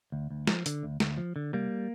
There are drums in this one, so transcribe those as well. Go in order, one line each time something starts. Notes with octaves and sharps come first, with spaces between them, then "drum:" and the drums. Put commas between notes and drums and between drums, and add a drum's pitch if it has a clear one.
D2
D2
F3, drum: snare
D3, drum: hi-hat
D2
D2, drum: snare
F3
D3
C2 G3 A#3